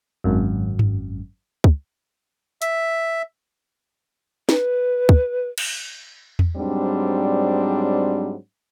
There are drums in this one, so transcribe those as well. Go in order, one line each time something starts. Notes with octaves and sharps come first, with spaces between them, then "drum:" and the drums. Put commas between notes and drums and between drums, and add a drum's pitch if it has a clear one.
G#1 F#2
drum: tom G2
drum: kick
E5, drum: hi-hat
B4, drum: snare
drum: kick
drum: cymbal
drum: tom E2
G#2 F#3 G3 C4 D4